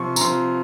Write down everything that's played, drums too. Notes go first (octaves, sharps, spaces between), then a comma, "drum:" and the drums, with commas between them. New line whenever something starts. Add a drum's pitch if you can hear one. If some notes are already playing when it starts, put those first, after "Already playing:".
Already playing: C3 F3 C6 C#6
A#5, drum: tambourine
C3 F3 C6